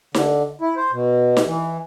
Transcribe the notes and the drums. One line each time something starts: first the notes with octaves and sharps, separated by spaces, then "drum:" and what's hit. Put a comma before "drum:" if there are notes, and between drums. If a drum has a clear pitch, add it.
D3, drum: snare D#4
E4
C5
B2
drum: snare D#4
E3